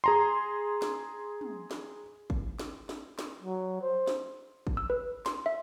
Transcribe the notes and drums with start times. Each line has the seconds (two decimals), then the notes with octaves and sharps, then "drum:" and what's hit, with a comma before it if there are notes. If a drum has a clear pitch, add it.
0.04 G#4 A#5 C6
0.82 drum: snare
1.41 drum: tom
1.71 drum: snare
2.30 drum: kick
2.59 drum: snare
2.89 drum: snare
3.19 drum: snare
3.43 F#3
3.82 C5
4.07 drum: snare
4.67 drum: kick
4.77 E6
4.90 B4
5.26 C6, drum: snare
5.46 E5